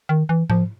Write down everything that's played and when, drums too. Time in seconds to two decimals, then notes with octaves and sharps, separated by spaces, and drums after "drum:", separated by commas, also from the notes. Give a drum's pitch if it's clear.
0.09 D#3
0.29 E3
0.50 F3, drum: tom G#2